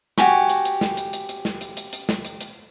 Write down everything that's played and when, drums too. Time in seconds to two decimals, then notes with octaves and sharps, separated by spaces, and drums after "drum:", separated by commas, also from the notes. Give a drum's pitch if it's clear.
0.18 F#4 G4 G#5 C#6, drum: snare
0.49 drum: hi-hat
0.65 drum: hi-hat
0.81 drum: snare
0.97 drum: hi-hat
1.13 drum: hi-hat
1.29 drum: hi-hat
1.45 drum: snare
1.61 drum: hi-hat
1.77 drum: hi-hat
1.93 drum: hi-hat
2.09 drum: snare
2.25 drum: hi-hat
2.41 drum: hi-hat